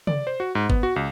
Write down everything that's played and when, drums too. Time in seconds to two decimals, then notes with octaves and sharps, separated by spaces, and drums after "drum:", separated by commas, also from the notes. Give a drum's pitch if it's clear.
0.07 D5, drum: tom
0.27 C5
0.40 F#4
0.55 G#2
0.70 B3, drum: kick
0.83 F#4
0.96 C#2